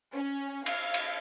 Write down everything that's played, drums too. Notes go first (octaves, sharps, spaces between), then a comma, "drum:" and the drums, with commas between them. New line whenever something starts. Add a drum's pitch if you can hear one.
C#4
F5, drum: cymbal
drum: cymbal